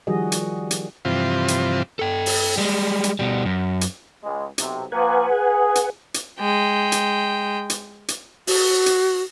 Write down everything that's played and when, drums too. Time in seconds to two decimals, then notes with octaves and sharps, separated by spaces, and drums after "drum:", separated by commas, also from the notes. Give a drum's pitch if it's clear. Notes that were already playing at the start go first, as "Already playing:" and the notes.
0.07 D#3 F3 G3 F#4 G#4 D#5
0.32 drum: hi-hat
0.71 drum: hi-hat
1.05 G2 C3 E3 F3 C4 F4
1.48 drum: hi-hat
1.99 A4 G5
2.26 drum: open hi-hat
2.57 G3 G#3
3.04 drum: hi-hat
3.19 B2 G3
3.45 F#2
3.81 drum: hi-hat
4.22 C#2 G#3
4.58 B1 C3, drum: hi-hat
4.92 F3 A#3 B4 F#5 G#5
5.30 G#4
5.75 drum: hi-hat
6.14 drum: hi-hat
6.40 G#3 G5
6.92 drum: hi-hat
7.70 drum: hi-hat
8.08 drum: hi-hat
8.47 F#4, drum: open hi-hat
8.86 drum: hi-hat